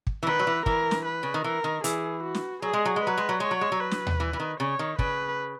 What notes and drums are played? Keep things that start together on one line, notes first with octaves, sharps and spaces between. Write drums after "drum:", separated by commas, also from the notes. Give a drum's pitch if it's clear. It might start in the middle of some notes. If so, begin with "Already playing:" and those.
drum: kick
E3
D#3 B4
F#3
E3
E3 A#4, drum: kick
drum: snare
B4
C#3
D#3
E3 A#4
D#3
E3 G#4, drum: hi-hat
F#4
drum: snare
F#3 G#4
G#3
F#3
G#3
F#3 B4
G#3
F#3
G#3 C#5
F#3
G#3
F#3
B4
drum: snare
drum: tom D#2
E3
E3
D#3
C#3 C#5
D#3
C#3 B4, drum: kick